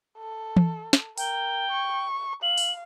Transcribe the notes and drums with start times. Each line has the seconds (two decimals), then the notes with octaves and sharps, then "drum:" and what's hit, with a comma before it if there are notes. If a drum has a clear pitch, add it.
0.18 A4
0.57 drum: tom E3
0.93 drum: snare
1.18 A#4 G5, drum: open hi-hat
1.71 C#6
2.43 F5 F#7
2.58 drum: open hi-hat